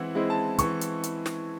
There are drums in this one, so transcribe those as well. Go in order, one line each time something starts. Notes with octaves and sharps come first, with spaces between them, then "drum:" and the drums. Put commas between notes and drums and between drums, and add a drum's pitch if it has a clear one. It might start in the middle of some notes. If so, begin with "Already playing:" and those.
Already playing: E3 G#3 C4 E4 F#5
G#3 C4 E4
A5
E3 C#6, drum: kick, hi-hat
drum: hi-hat
drum: hi-hat
drum: snare